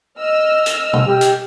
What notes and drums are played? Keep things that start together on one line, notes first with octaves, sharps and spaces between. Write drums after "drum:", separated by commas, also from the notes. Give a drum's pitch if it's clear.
D#5 E6 F6
drum: hi-hat
drum: tom
G4
drum: hi-hat